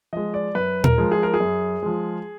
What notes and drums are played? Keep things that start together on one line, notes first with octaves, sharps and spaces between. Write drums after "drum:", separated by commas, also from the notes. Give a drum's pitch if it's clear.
F3 G#3 D#5
D5
F#2 B4
A#4, drum: tom A#2
F3 G#3
G#4
A#4
G#4
F#2
F3 G#3